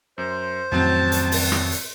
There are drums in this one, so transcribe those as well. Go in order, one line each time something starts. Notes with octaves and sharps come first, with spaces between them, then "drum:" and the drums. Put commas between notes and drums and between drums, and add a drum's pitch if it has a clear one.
F#2 C5
F2 A2 D#3 F#3 C4 C#4 A5
drum: hi-hat
drum: open hi-hat
drum: rim click
drum: hi-hat